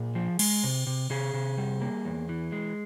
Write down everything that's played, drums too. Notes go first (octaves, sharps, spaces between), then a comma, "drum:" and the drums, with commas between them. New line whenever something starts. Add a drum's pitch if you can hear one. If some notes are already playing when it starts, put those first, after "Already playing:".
Already playing: A#2 G#4
F3
G#3, drum: cymbal
C3
C3
C3 G#4
C3
G3
A#3
E2
E3
G#3